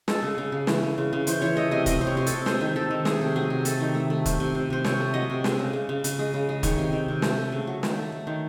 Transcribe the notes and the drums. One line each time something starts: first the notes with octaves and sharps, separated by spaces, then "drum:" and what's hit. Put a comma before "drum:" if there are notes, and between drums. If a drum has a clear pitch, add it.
G#3 A4, drum: snare
C#3
C#3
C#3
E3, drum: snare
C#3
C#3
C#3
E3 C5, drum: hi-hat
E3 C#5
A3 D#5
C3 D#5
C3 D#5, drum: kick, hi-hat
C3 C5
C#5
C3 C5
A4, drum: hi-hat
C3
G#3 C5, drum: snare
D#3
D#3 A4
D#3
A3 G#4, drum: snare
C3
F#3 G#4
C3
A3 A4, drum: hi-hat
D#3
A3
A3
C3, drum: kick, hi-hat
C3
C3
C3 C5
C3 C#5, drum: snare
A3
F#3 D#5
C3
G#3, drum: snare
C#3
C#3
C#3
C#3, drum: hi-hat
G#3
C#3
G#3
D#3 C#5, drum: kick, hi-hat
C3
D#3
C3
A3, drum: snare
A3
C#3
F#3
D#3, drum: snare
A3
A3
D#3